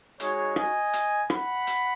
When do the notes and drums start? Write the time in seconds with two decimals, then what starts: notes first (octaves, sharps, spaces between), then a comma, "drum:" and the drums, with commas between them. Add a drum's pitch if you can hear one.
0.20 G#3 D#4 F#4 G#4 C#5, drum: hi-hat
0.56 D#5 G#5, drum: rim click
0.93 drum: hi-hat
1.30 F#5 B5, drum: rim click
1.67 drum: hi-hat